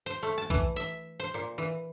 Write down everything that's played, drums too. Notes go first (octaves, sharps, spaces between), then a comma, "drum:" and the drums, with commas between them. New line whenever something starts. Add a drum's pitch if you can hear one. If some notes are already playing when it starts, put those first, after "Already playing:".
C5
A3
A5
E3, drum: kick B1
E5
C5
A#2
E3